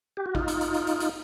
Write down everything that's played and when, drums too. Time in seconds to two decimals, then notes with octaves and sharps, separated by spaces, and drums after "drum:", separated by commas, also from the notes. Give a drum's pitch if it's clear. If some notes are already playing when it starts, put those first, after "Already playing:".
0.17 G4
0.26 F#4
0.35 D#4 F4, drum: kick A1
0.48 drum: hi-hat
0.61 drum: hi-hat
0.74 drum: hi-hat
0.87 drum: hi-hat
1.00 drum: hi-hat